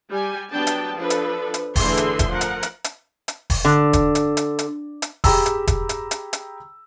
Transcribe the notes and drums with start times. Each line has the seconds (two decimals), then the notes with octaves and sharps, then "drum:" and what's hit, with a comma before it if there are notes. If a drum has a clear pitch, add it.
0.11 G3 G4 G#5
0.51 F#3 B3 D4 G4 G5 A5
0.67 drum: hi-hat
0.95 F3 D4 A4 B4
1.10 drum: hi-hat
1.54 drum: hi-hat
1.76 D3 E3 A3 G#4 E5 C6, drum: kick E1, open hi-hat
1.97 drum: hi-hat
2.19 drum: kick E1, hi-hat
2.29 F3 A#4 F#5
2.41 drum: hi-hat
2.63 drum: hi-hat
2.84 drum: hi-hat
3.28 drum: hi-hat
3.50 drum: kick E1, open hi-hat
3.65 D3
3.93 drum: kick E1, hi-hat
4.15 drum: hi-hat
4.37 drum: hi-hat
4.59 drum: hi-hat
5.02 drum: hi-hat
5.24 G4 G#4 G5 A#5 B5 E6, drum: kick E1, open hi-hat
5.46 drum: hi-hat
5.67 drum: kick E1, hi-hat
5.89 drum: hi-hat
6.11 drum: hi-hat
6.33 drum: hi-hat